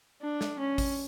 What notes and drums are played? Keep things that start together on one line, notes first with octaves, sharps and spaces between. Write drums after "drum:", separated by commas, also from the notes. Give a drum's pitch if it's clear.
D4
drum: snare
C#4
drum: kick G#1, open hi-hat